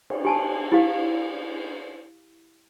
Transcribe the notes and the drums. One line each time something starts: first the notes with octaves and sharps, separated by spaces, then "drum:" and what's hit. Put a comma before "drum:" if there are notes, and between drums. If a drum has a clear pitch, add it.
drum: cymbal
G4 G#5 A5
E4 G4 F5